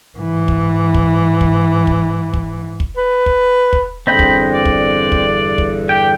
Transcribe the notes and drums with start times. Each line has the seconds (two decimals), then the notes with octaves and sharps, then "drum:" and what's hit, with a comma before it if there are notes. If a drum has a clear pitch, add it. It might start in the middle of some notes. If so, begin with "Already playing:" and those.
0.17 G#2 E3
0.48 drum: kick
0.94 drum: kick
1.41 drum: kick
1.87 drum: kick
2.34 drum: kick
2.80 drum: kick
2.97 B4
3.26 drum: kick
3.73 drum: kick
4.07 E2 G2 D3 C4 D#5 B5 G6
4.19 drum: kick
4.54 D5
4.65 drum: kick
5.12 drum: kick
5.58 drum: kick
5.89 G4 G5